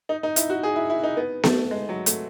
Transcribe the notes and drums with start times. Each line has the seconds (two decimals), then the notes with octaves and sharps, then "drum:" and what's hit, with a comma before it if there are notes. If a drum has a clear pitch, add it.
0.09 D#4
0.23 D#4
0.36 E4, drum: hi-hat
0.50 F#4
0.63 G#4
0.76 E4
0.90 E4
1.03 D#4
1.17 B3
1.43 A3, drum: snare B3
1.71 G#3
1.89 F#3
2.06 A3, drum: hi-hat